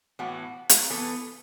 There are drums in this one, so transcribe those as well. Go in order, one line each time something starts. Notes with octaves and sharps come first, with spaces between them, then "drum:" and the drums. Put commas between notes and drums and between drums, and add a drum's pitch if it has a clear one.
A2 E3 B3 F#4
drum: hi-hat
E3 B3 A4